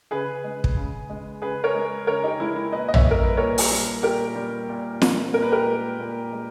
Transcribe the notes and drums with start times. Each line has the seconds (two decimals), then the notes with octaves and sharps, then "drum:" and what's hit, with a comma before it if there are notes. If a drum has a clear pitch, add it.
0.11 C#3 G#4 B4
0.44 G#3
0.64 drum: kick
0.77 C#3
1.10 G#3
1.42 C#3 G#4 B4
1.64 A#4 C#5
1.75 G#3
2.07 C#3 A#4 C#5
2.23 D#4 G4
2.40 G#3 E4
2.56 E4
2.72 A#2 B4 D#5
2.88 D#5
2.94 C#5 E5, drum: tom A#1
3.05 G3
3.11 A#4
3.24 B4
3.37 A#2 A#4 C#5
3.58 drum: open hi-hat
3.71 G3
4.03 A#2 G4 A#4
4.36 G3
4.69 A#2
5.02 G3, drum: snare
5.34 A#2 A#4
5.42 B4
5.52 G4 A#4
5.66 G#3
5.98 A#2
6.32 G#3